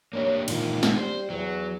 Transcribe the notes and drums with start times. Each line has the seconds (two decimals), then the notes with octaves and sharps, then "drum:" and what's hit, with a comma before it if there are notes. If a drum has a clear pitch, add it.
0.13 A#3 D4 G4 C#5
0.48 A#2 D#3 E3 F4, drum: cymbal
0.83 drum: snare
0.97 G3 C5
1.30 E2 F#3